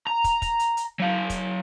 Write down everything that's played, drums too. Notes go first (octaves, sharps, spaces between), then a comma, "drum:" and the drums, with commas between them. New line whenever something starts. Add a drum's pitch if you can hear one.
A#5
drum: kick, hi-hat
drum: kick, hi-hat
drum: hi-hat
drum: hi-hat
F#3 F5
drum: kick, hi-hat